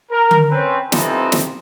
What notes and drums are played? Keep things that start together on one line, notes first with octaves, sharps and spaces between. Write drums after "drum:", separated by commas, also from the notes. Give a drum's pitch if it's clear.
A#4
drum: tom D3
C4 C#4 B4
E3 F3 G3 C4 D#4 A4, drum: snare
drum: snare